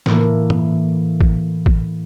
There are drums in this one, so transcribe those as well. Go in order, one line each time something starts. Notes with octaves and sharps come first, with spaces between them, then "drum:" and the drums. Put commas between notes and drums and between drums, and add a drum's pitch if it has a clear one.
A2 E3 A#3, drum: snare
drum: tom
drum: kick
drum: kick